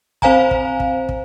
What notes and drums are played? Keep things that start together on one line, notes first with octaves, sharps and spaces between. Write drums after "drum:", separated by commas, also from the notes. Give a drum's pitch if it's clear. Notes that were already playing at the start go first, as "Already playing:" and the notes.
C4 C5 F5 G#5 A#5, drum: kick
drum: kick
drum: kick
drum: kick